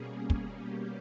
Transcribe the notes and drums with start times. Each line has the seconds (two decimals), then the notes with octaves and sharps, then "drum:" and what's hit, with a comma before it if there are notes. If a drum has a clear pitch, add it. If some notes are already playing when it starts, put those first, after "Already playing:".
Already playing: B2 G3 A#3 C#4 G#4
0.30 drum: kick
0.56 G4